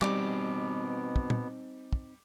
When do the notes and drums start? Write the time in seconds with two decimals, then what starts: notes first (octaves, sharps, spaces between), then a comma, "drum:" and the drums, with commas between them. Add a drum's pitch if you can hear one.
0.02 B2 G3 B3 C4 D#4 D6, drum: clap
1.16 drum: kick
1.30 drum: tom
1.93 drum: kick